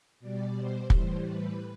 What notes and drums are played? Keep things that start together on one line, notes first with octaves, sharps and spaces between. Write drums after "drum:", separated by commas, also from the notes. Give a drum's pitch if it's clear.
B2 G3 D5
C5
A2 E3 G3 C5, drum: kick
B4